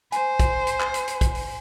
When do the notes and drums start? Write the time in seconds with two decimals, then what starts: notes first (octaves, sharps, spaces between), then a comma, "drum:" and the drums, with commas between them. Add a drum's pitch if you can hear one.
0.12 C5 G#5, drum: hi-hat
0.40 drum: kick, hi-hat
0.67 drum: hi-hat
0.80 drum: clap
0.94 drum: hi-hat
1.08 drum: hi-hat
1.21 drum: kick, hi-hat
1.35 drum: open hi-hat